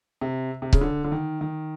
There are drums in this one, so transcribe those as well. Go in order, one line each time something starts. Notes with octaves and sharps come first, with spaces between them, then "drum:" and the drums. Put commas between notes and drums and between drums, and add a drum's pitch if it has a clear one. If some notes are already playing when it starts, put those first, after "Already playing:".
C3
C3
C#3, drum: kick C#1
D3
D3
D#3
D#3